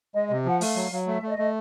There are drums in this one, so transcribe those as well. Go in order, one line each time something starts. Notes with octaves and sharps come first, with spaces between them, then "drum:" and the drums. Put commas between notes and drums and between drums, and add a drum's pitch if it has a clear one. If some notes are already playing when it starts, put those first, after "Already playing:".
G#3 D#5
D#5
C3
F3 F#5
A3 F5, drum: open hi-hat
F#3
F#3
A3 E5
A3 D5
D#5
A3